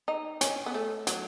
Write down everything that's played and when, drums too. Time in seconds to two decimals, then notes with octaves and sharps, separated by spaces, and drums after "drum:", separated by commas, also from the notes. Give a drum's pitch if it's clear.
0.08 D#4
0.41 C#4, drum: hi-hat
0.66 B3
0.74 A3
1.07 F#3, drum: hi-hat